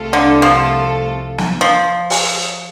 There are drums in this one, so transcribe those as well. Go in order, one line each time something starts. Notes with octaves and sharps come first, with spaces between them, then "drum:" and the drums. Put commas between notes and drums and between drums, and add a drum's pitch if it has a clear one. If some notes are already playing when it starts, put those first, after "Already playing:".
Already playing: C2 C3 A3 F4 A4
D3
F3
drum: snare
F3
drum: open hi-hat